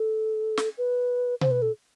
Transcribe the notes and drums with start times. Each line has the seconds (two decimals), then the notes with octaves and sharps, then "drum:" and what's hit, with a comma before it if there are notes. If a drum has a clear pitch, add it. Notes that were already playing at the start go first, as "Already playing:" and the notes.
Already playing: A4
0.57 drum: snare
0.78 B4
1.41 C5, drum: tom B2
1.51 B4
1.62 A4